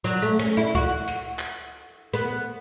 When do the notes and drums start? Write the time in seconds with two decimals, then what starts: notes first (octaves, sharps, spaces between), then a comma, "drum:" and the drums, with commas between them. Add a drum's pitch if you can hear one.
0.04 F#3
0.22 A3
0.39 C#4, drum: cymbal
0.57 E4
0.75 F#4, drum: kick C#2
1.08 drum: hi-hat
1.39 drum: clap
2.14 B3